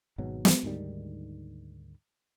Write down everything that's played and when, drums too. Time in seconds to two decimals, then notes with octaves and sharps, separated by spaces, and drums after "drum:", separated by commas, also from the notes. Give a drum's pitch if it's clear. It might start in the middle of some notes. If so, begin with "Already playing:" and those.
0.18 G#1 G#2 B2 F#3
0.45 drum: snare
0.63 D2 G#2 D#3 G3